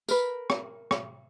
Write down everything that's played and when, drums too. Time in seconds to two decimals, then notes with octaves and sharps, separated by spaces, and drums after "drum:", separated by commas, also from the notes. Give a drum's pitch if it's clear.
0.08 A#4 B4, drum: tambourine
0.50 drum: rim click
0.91 drum: rim click